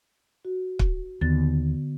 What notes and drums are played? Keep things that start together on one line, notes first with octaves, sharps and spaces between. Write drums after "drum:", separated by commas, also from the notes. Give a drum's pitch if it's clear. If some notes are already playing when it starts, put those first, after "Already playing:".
F#4
drum: kick
D#2 D3 B3 A6